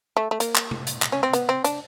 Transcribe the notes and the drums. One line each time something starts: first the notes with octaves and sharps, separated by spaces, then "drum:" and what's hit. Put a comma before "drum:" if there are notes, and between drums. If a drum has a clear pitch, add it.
A3
A3
A#3, drum: hi-hat
drum: clap
drum: tom C3
drum: hi-hat
drum: clap
C#4
C4
B3, drum: hi-hat
C4
D4, drum: hi-hat